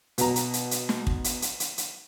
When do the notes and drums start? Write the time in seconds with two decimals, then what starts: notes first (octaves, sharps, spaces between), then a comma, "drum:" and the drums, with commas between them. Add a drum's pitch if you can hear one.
0.18 B2 A#5, drum: hi-hat
0.36 drum: hi-hat
0.53 drum: hi-hat
0.71 drum: hi-hat
0.89 drum: snare
1.07 drum: kick
1.24 drum: hi-hat
1.42 drum: hi-hat
1.60 drum: hi-hat
1.78 drum: hi-hat